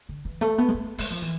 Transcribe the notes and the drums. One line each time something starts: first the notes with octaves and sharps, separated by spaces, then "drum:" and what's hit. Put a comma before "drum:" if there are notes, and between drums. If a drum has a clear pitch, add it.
D3
E3
A3
B3
G#3
A3
G#3, drum: open hi-hat
F3
E3